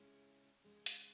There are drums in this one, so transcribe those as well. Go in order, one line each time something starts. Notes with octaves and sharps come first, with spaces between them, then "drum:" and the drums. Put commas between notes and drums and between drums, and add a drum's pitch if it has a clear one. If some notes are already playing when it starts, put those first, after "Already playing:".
Already playing: C#3 G#3 C#4 E4
C#3 G#3 D#4
drum: hi-hat